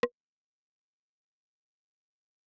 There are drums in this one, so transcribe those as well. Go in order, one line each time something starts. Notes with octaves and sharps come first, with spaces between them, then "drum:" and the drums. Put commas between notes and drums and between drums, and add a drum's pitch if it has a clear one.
F#3 C4, drum: rim click